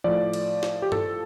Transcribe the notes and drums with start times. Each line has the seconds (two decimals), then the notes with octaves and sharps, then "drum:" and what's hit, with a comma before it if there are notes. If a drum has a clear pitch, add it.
0.04 A2 F3 D5
0.33 drum: cymbal
0.63 drum: snare
0.82 G4
0.92 A4, drum: tom G2